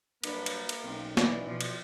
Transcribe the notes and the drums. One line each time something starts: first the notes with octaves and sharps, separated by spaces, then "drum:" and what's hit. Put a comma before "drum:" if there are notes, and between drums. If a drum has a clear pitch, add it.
G2 F#3 A#3 D4 B4, drum: cymbal
drum: cymbal
drum: cymbal
B1 C4 C#4 D#4
E3 F#3 D5, drum: snare
B2 F3 D5
drum: cymbal